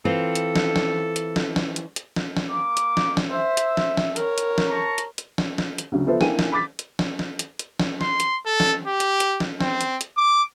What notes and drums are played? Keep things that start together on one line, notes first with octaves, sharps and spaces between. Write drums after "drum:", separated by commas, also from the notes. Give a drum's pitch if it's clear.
E3 C4 F4 A4
drum: hi-hat
drum: snare
drum: snare
drum: hi-hat
drum: snare
drum: snare
drum: hi-hat
drum: hi-hat
drum: snare
drum: snare
A#3 D6
drum: hi-hat
drum: snare
drum: snare
C5 E5
drum: hi-hat
drum: snare
drum: snare
A#4 C#5, drum: hi-hat
drum: hi-hat
drum: snare
A5 A#5 C#6
drum: hi-hat
drum: hi-hat
drum: snare
drum: snare
drum: hi-hat
D2 C#3 F#3
F3 B3 F4 A4 C5 E5
A#3 D4 E4 G5 G#5 D#7, drum: snare
drum: snare
B5 D6 A6 B6
drum: hi-hat
drum: snare
drum: snare
drum: hi-hat
drum: hi-hat
drum: snare
C6, drum: snare
drum: hi-hat
A4
drum: snare
G4
drum: hi-hat
drum: hi-hat
drum: snare
C4, drum: snare
drum: hi-hat
drum: hi-hat
D6